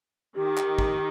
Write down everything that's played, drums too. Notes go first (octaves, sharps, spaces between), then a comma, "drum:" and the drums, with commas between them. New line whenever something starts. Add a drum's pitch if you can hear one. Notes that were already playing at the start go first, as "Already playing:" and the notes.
D#3 G4
drum: clap
drum: kick